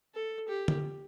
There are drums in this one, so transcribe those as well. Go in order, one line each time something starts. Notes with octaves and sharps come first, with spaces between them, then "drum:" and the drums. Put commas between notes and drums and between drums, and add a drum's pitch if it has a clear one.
A4
G4
drum: tom D3